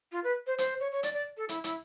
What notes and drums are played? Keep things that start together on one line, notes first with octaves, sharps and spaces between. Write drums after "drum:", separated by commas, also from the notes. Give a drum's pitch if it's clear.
F4
B4
C5
C5, drum: hi-hat
C#5
C#5
D5, drum: hi-hat
D5
A4
E4, drum: hi-hat
E4, drum: hi-hat